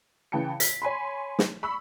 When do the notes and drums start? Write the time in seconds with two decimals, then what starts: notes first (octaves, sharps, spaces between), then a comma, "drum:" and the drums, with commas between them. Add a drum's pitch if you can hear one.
0.32 C#3 E3 G5 A5 C#7
0.60 B6, drum: hi-hat
0.82 C#5 G#5 B5 C6
1.39 drum: snare
1.63 B5 C#6 E6